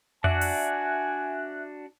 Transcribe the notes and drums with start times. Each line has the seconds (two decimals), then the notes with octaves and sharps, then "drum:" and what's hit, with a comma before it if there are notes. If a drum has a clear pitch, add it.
0.24 D4 F#4 D5 E5 G#5 F#6, drum: tom F2
0.41 drum: open hi-hat